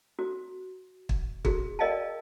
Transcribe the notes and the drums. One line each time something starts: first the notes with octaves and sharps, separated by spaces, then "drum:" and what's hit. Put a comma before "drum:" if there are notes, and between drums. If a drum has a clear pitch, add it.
F#4
drum: kick
F#4 G#4, drum: kick
A#4 D5 D#5 F5 G5 A5